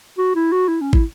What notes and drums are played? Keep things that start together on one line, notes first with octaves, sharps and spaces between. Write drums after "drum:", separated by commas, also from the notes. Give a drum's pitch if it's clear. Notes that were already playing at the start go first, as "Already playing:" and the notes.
F#4
E4
F#4
E4
C#4
E4, drum: kick